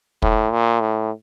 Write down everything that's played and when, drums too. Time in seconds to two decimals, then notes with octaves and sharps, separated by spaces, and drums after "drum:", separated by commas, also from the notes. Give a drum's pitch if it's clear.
0.22 A2, drum: kick
0.52 A#2
0.81 A2